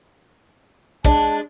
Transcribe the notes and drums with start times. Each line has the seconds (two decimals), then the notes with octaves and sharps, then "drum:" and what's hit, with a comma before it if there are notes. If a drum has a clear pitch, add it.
1.04 G#3 D4 A5, drum: kick